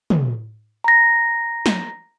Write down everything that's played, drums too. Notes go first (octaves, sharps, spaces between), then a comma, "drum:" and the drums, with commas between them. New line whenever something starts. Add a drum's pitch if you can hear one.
drum: tom
A#5 A#6
drum: snare